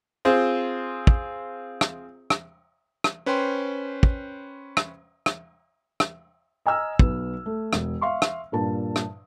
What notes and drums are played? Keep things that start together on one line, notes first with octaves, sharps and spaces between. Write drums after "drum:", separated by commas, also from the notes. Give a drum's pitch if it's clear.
C4 F4 G#4 C5
drum: kick
drum: rim click
drum: rim click
drum: rim click
C#4 B4 C5 G5 C6
drum: kick
drum: rim click
drum: rim click
drum: rim click
D#5 G#5 A#5 E6 F6
B1 B4, drum: kick
A3
E1, drum: rim click
E5 F5 C6 C#6
drum: rim click
G2 A#2 A5
drum: rim click